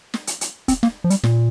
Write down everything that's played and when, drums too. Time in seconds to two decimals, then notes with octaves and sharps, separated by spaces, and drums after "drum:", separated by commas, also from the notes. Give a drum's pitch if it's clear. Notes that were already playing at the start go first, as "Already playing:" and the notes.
0.14 drum: snare
0.27 drum: hi-hat
0.41 drum: hi-hat
0.68 C4, drum: kick, hi-hat
0.83 A#3, drum: snare
1.04 F3
1.10 G3, drum: hi-hat
1.24 A#2, drum: snare